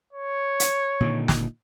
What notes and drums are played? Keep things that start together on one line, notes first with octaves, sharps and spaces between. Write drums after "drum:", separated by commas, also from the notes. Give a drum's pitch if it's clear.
C#5
drum: hi-hat
A#2 D3 D#3
drum: snare